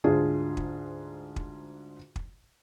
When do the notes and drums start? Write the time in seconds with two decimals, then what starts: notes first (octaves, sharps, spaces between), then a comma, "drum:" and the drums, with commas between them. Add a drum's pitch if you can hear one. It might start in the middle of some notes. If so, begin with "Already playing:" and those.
0.04 D2 G#2 D4 F4 G#4
0.57 drum: kick
1.36 drum: kick
2.16 drum: kick